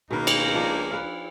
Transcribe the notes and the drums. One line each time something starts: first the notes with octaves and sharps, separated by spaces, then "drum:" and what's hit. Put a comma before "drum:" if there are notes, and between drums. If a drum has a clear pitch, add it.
C#2 B2 D#3 A#3 D#4 B4
drum: cymbal
F3 D4
B4 F5